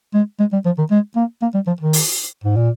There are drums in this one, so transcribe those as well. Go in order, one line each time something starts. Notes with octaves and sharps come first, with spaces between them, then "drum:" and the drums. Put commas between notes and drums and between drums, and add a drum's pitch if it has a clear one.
G#3
G#3
G3
F3
D#3
G#3
A#3
A#3
G3
F3
D#3
drum: open hi-hat
G#2
A#2